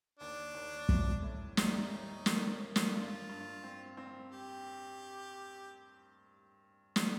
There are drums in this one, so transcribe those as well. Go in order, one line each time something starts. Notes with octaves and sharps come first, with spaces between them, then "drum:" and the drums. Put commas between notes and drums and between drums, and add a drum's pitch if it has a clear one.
D#2 D4
D#2
A2, drum: kick
A2
G3 D#4, drum: snare
D#2
A#3, drum: snare
A#3
drum: snare
G2 F4
G2
C4
C4
G4
drum: snare